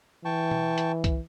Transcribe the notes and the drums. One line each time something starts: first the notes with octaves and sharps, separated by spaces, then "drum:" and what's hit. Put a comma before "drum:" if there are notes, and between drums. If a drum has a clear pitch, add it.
E3 G5 A5 C#6
drum: tom B2
drum: hi-hat
drum: kick, hi-hat